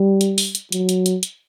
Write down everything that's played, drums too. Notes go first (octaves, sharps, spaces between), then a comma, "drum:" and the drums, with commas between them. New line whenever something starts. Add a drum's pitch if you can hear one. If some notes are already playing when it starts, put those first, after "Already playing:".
Already playing: G3
drum: hi-hat
drum: open hi-hat
drum: hi-hat
F#3, drum: hi-hat
drum: hi-hat
drum: hi-hat
drum: hi-hat